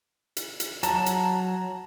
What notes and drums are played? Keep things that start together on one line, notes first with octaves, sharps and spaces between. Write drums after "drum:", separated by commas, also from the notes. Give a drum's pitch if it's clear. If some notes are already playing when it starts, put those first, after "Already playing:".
drum: hi-hat
drum: hi-hat
F#3 A5 A#5, drum: hi-hat
drum: hi-hat